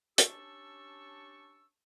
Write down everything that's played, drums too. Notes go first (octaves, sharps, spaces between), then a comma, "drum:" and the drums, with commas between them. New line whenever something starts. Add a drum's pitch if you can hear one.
C#4 D4 G4 A5 C#6 E6, drum: hi-hat